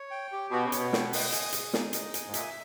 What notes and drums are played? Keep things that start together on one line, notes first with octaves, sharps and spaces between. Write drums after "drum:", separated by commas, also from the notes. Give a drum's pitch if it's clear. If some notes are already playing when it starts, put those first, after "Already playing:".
Already playing: C#5
G5
G4
B2 B3
C#3
C#5, drum: hi-hat
B2
G5, drum: snare
D#5, drum: open hi-hat
G#5, drum: hi-hat
G#4, drum: hi-hat
D#4, drum: snare
D#5, drum: hi-hat
G#5, drum: hi-hat
G#2
A#2 E5, drum: hi-hat